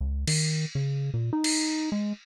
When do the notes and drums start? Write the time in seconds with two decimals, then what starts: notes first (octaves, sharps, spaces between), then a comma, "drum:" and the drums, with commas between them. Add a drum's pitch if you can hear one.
0.01 C#2
0.27 D#3, drum: cymbal
0.75 C#3
1.14 A#2
1.33 D#4
1.44 drum: cymbal
1.92 G#3